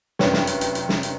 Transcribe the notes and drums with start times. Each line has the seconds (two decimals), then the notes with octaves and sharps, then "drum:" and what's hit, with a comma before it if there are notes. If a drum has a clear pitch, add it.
0.19 F1 F#2 D4 B4 C#5 G5, drum: snare
0.33 drum: snare
0.47 drum: hi-hat
0.61 drum: hi-hat
0.75 drum: hi-hat
0.89 drum: snare
1.03 drum: hi-hat